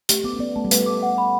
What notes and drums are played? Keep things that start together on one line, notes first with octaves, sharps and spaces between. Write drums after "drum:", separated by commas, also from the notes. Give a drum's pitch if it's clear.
A3 G4, drum: hi-hat
B3 D6
C#4
B3 D5
A3 A5
G3
A3 B4, drum: hi-hat
D6
F#5
B5